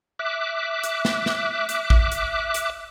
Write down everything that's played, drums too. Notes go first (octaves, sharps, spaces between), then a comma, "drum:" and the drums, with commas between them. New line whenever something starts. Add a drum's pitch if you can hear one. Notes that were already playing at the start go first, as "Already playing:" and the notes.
E5 D6 F#6
drum: hi-hat
drum: snare
drum: snare
drum: hi-hat
drum: kick
drum: hi-hat
drum: hi-hat